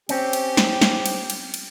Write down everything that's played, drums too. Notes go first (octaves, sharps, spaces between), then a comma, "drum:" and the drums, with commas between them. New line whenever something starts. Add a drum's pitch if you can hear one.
C4 C#4 G4, drum: cymbal
drum: cymbal
drum: snare
drum: snare
drum: cymbal
drum: cymbal
drum: cymbal